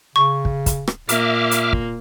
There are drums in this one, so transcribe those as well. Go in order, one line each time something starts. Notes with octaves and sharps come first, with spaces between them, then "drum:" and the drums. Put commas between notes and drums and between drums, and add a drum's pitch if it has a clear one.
C#3 C#6
drum: kick
drum: kick, hi-hat
drum: rim click
A#2 A#3 E5 D6 F6, drum: hi-hat
drum: hi-hat
drum: kick